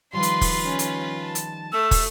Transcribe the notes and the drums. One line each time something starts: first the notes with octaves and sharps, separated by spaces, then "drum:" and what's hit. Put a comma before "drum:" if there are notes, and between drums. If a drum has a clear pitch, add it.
D#3 F3 G3 F4 B4 C6
drum: hi-hat
drum: kick, open hi-hat
C#4
drum: hi-hat
A5
drum: hi-hat
A3 E6
drum: kick, open hi-hat